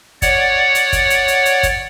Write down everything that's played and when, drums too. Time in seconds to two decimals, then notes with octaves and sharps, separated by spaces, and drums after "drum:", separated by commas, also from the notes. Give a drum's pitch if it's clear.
0.22 C#5 D5 F#5, drum: kick, hi-hat
0.75 drum: hi-hat
0.93 drum: kick, hi-hat
1.10 drum: hi-hat
1.28 drum: hi-hat
1.46 drum: hi-hat
1.63 drum: kick, hi-hat